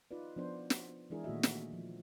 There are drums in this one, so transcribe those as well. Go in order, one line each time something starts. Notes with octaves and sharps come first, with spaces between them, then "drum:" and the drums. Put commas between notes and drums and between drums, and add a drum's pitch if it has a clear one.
D#4 F4 B4 D5
F3 B3 D4 C5
drum: snare
E3 G#3 D4 E4 G#4 A#4
A#2 D#3 A3 F#4 D#5 E5
drum: snare
F3